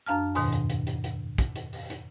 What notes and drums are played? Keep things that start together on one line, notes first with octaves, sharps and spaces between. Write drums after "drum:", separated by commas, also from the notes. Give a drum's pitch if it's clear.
F#2 D4 F5 A5 F6
E2 G#2 B2 D#3, drum: open hi-hat
drum: hi-hat
drum: hi-hat
drum: hi-hat
drum: hi-hat
drum: kick, hi-hat
drum: hi-hat
drum: open hi-hat
drum: hi-hat